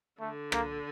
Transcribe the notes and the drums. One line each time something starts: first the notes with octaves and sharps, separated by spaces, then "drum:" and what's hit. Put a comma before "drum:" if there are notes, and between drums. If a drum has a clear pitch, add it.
D3 A3
A#3, drum: rim click